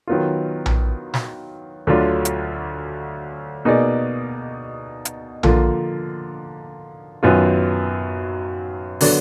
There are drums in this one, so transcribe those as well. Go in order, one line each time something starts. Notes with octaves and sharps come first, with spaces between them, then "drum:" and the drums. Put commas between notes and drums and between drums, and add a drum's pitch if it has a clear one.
D#3 F#3 B3 F4
drum: tom A#1
drum: snare
D2 D3 F#3 D4 F4
drum: hi-hat
B2 A#3 D#4 G#4 D5
drum: hi-hat
D3 F3 A#3 F4, drum: tom A#1
F#2 D#3 F#3 B3 F4
D3 F#3 B3 D4, drum: open hi-hat